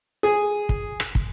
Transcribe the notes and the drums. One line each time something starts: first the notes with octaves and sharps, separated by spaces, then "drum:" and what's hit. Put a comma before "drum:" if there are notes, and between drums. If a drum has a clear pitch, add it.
G#4
drum: kick
drum: rim click
drum: kick